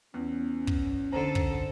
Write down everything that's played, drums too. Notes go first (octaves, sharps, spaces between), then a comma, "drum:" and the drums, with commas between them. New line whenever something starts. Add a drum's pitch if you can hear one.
E2 C#4
drum: kick
D3 A4 C5 A#5
drum: kick